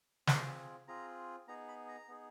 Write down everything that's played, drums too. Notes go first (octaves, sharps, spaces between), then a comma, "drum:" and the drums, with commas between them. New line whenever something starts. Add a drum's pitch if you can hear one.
C4 F4 G#4, drum: snare
C4 F4 G#4 A#5
B3 D#4 G#4 A#5
B5
A#5
B3 D#4 G#4